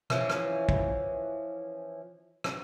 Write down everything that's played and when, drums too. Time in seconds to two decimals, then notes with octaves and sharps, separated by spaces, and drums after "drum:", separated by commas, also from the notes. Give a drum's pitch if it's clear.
0.10 E3 F3 C#4, drum: rim click
0.30 drum: rim click
0.69 drum: kick
2.44 drum: rim click